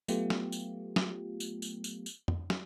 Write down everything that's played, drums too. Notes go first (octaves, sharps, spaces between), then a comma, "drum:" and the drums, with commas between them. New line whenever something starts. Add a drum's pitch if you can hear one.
F#3 A3 B3 F4 G4, drum: tambourine
drum: snare
drum: tambourine
drum: snare
drum: tambourine
drum: tambourine
drum: tambourine
drum: tambourine
drum: tom F2
drum: snare